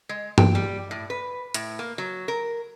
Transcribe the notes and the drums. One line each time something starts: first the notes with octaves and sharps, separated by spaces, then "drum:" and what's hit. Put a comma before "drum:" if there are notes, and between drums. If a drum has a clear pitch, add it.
G#3
G5, drum: tom G2
G3
A2
B4
A2, drum: hi-hat
A#3
F#3
A#4